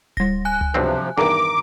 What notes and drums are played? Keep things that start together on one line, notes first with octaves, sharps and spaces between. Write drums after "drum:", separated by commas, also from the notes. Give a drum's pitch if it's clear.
G3 A#6, drum: kick D1
G#5 F#6
drum: tom C#2
B1 G2 C3 F3 C4
E2 G2 D#3 A#4 A#5 D6